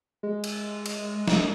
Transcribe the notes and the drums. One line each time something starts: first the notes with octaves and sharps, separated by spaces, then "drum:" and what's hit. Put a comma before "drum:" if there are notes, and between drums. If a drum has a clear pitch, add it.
G#3
drum: cymbal
drum: cymbal
drum: snare